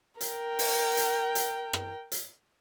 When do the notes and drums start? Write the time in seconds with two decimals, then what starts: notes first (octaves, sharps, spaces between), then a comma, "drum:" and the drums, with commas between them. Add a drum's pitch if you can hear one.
0.21 A#4 G5, drum: hi-hat
0.59 drum: open hi-hat
0.97 drum: hi-hat
1.35 drum: hi-hat
1.73 drum: rim click
2.12 drum: hi-hat